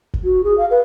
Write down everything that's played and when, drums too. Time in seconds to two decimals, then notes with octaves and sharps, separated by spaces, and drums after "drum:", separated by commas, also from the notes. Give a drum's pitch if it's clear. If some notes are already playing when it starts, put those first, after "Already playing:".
0.14 drum: kick F#1
0.24 F#4
0.44 G#4
0.58 F5
0.71 B4